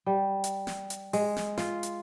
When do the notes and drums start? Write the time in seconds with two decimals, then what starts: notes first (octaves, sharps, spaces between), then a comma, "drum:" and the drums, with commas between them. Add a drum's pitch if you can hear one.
0.06 G3
0.44 drum: hi-hat
0.67 drum: snare
0.90 drum: hi-hat
1.13 G#3, drum: open hi-hat
1.37 drum: snare
1.58 F4, drum: snare
1.83 drum: hi-hat